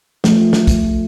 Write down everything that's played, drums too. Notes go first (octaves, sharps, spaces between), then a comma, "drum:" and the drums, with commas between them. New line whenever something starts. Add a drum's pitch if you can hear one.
F3 A3, drum: snare
drum: snare
drum: kick, hi-hat